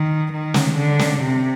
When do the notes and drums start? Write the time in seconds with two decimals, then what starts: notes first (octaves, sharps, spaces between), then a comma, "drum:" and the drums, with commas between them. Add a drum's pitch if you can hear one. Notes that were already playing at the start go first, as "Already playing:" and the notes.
Already playing: D#3
0.32 D#3
0.54 drum: snare
0.77 D3
0.99 drum: snare
1.22 C3